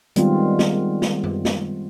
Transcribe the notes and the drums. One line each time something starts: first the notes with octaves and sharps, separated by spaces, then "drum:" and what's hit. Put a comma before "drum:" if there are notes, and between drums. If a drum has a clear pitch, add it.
D#3 G3 G#3 B3 C4 F4, drum: hi-hat
drum: snare
drum: snare
drum: tom F#2
drum: snare